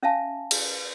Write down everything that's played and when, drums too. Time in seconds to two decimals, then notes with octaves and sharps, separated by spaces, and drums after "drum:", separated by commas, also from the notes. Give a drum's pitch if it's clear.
0.03 C#4 E5 F5 G#5 A5
0.51 drum: cymbal